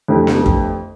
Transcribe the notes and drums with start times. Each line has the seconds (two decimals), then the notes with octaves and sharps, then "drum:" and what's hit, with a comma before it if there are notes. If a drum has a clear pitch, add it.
0.08 F2 D3 A3 E4 G4
0.27 drum: snare B3
0.46 drum: kick